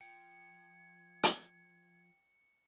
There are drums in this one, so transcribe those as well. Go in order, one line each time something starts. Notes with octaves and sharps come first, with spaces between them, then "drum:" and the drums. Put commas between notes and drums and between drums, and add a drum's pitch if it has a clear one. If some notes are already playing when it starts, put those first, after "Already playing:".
F3 G5 G#6 C#7
drum: hi-hat